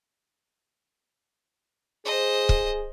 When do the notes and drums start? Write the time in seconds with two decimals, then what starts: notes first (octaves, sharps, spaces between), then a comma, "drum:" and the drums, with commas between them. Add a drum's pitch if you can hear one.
2.06 G#4 C5 D#5
2.49 drum: kick